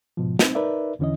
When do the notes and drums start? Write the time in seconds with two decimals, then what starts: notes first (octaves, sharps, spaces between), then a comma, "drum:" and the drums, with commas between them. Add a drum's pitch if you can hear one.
0.17 G#2 B2 F3
0.39 C4 D#4, drum: snare
0.55 D#4 A#4 B4 D5 E5
0.99 E2 D3 E3 C#4 E4 D#5